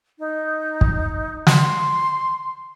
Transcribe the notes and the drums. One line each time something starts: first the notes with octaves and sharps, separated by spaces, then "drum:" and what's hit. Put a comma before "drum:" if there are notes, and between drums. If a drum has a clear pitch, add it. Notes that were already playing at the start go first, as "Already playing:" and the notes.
D#4
drum: kick
C6, drum: snare